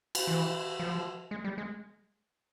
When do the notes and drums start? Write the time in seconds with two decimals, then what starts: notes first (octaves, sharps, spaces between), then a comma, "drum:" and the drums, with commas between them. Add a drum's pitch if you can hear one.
0.15 drum: cymbal
0.27 E3
0.80 F3
1.31 G#3
1.44 G3
1.58 G#3